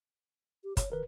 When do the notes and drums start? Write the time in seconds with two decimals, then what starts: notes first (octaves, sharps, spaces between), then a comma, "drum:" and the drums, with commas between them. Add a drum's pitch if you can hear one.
0.64 G4
0.77 C#5, drum: kick, hi-hat
0.92 D#3 A#4 B4